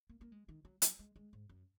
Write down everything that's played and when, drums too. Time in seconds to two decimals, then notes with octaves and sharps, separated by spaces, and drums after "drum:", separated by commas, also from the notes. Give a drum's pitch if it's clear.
0.09 A#3
0.21 A#3
0.32 G#3
0.49 D#3
0.65 F#3
0.82 F#3, drum: hi-hat
0.99 G#3
1.16 G#3
1.33 G#2
1.49 F#2